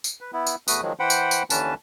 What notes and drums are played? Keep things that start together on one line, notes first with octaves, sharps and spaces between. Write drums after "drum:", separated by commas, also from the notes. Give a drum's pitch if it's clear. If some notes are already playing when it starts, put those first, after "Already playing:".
drum: tambourine
B4
B3 E4
drum: tambourine
E2 A3 F#4 B4 D#6, drum: tambourine
D#3 F3 F#3 G#3
E3 C5 F#5 G5 B5
drum: tambourine
drum: tambourine
D#2 D3 E3 C#4 B4 A5, drum: tambourine